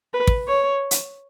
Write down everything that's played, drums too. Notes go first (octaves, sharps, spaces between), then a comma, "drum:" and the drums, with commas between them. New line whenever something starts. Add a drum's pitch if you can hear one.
B4
drum: kick
C#5
drum: hi-hat